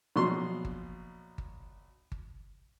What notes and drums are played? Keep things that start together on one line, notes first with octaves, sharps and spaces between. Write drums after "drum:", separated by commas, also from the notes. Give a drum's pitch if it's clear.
A#1 B2 F#3 C6
drum: kick G1
drum: kick G1
drum: kick G1